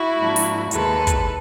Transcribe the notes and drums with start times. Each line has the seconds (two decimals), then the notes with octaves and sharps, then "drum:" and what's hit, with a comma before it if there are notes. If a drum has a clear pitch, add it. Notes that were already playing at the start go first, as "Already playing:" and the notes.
Already playing: E4 F#4
0.18 G#2 F3 A#3 D4
0.36 drum: open hi-hat
0.71 D#2 D#3 G#3 A4 B4, drum: hi-hat
1.07 drum: kick, hi-hat